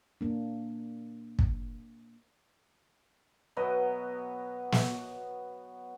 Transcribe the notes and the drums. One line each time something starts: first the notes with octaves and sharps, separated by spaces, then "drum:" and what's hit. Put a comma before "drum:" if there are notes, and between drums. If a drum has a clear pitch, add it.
A#3 D4
drum: kick
B2 F#3 B3 D#5
drum: snare